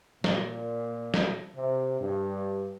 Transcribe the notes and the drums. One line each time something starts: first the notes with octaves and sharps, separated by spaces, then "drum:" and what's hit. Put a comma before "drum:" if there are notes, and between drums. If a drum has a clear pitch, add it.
A#2, drum: snare
drum: snare
C3
G2